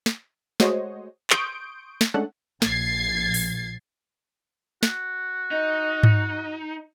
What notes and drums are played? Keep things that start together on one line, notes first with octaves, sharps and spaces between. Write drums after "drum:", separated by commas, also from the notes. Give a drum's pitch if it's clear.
drum: snare
G#3 A3 F#4 C5 C#5 D#5, drum: snare
C6 C#6 D#6 G6 D7, drum: clap
drum: snare
G#3 A3 C#4 D4 A4 F#5
A#1 G#6 A6 C7, drum: snare
drum: open hi-hat
F#4, drum: snare
D#4
drum: tom G#2